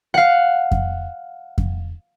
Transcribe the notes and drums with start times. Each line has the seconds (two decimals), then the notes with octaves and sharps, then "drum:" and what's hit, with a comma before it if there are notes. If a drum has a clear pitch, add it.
0.14 F5 F#5
0.71 drum: kick F2
1.58 drum: kick F2